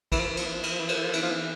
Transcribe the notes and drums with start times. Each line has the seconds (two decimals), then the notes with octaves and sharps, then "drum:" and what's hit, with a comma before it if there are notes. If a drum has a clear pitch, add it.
0.12 E3, drum: kick A#1, cymbal
0.20 F3
0.28 E3
0.37 F3, drum: cymbal
0.46 E3
0.55 F3
0.63 E3, drum: cymbal
0.72 F3
0.80 E3
0.88 F3, drum: cymbal
0.97 E3
1.05 F3
1.13 E3, drum: cymbal
1.23 F3
1.31 E3